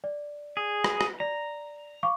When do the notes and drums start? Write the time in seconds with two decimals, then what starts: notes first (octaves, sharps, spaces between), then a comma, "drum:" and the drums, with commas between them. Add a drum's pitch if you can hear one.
0.04 D5
0.57 G#4
0.84 drum: rim click
1.01 drum: rim click
1.20 D5 A#5
2.03 F5 C#6 D6